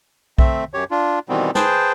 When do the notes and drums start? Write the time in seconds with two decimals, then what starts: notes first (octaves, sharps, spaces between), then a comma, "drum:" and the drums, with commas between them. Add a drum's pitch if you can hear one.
0.38 A3 C4 E5, drum: kick B1
0.74 F#2 G4 C#5
0.91 D4 F4
1.29 B2 D#3 E3 G3 B3 C4
1.55 G#4 B4 C5 G5 A5, drum: snare